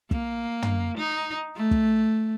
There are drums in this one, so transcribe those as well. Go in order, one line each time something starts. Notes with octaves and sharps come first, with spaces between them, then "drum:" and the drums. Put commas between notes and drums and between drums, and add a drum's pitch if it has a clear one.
A#3, drum: kick
drum: tom
D#4
A3
drum: kick